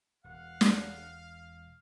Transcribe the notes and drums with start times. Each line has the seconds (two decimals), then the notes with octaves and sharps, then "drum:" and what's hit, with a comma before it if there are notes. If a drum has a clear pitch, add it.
0.24 E1 F5 F#5
0.61 drum: snare